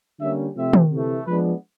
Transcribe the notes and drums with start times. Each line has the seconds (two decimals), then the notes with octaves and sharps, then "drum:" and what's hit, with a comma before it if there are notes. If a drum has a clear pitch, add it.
0.20 D3 G3 A#3 C#4 E5
0.55 C3 F3 A3 C4 E5
0.73 drum: tom
0.91 C3 E3 A3
1.26 F3 G#3 B3 D4 B4